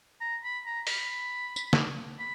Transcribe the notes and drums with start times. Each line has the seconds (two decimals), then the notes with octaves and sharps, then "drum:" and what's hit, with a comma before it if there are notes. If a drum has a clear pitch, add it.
0.21 A#5
0.44 B5
0.66 A#5
0.87 B5, drum: open hi-hat
1.56 drum: tambourine
1.73 drum: snare
2.19 B5